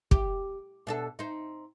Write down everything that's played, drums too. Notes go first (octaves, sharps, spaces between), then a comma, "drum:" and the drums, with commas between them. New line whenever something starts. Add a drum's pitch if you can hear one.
G4, drum: kick
B2 D4 A4
C4 D#4